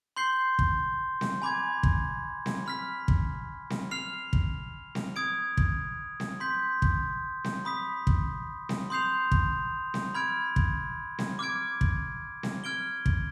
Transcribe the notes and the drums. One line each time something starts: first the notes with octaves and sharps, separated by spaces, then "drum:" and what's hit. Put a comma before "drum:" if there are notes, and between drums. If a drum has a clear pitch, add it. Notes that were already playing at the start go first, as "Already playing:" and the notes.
C6 G6 C7 G7
drum: kick
drum: snare C4
G#5 B5 D6 G#6
drum: kick
drum: snare C4
B5 F6 B6
drum: kick
drum: snare C4
F6 C7 F7
drum: kick
drum: snare C4
D#6 G#6 D7
drum: kick
drum: snare C4
C6 G6 B6
drum: kick
drum: snare C4
B5 D#6 B6
drum: kick
drum: snare C4
C6 D#6 G6 C7 F7
drum: kick
drum: snare C4
B5 F6 G#6 D7
drum: kick
drum: snare C4
D6 F6 G#6 D7
drum: kick
drum: snare C4
F6 G#6 D7 G7
drum: kick